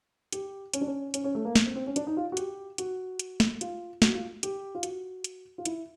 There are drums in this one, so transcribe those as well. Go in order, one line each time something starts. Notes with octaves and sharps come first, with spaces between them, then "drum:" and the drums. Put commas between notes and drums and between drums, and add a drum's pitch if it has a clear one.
G4, drum: hi-hat
C#4, drum: hi-hat
D4
C#4
C#4, drum: hi-hat
C#4
A3
A#3
drum: snare
C4
C4
C#4
D4, drum: hi-hat
D#4
F4
F#4
G4, drum: hi-hat
F#4, drum: hi-hat
drum: hi-hat
drum: snare
F4, drum: hi-hat
F#4, drum: snare
F4
G4, drum: hi-hat
F4
F#4, drum: hi-hat
drum: hi-hat
F4
E4, drum: hi-hat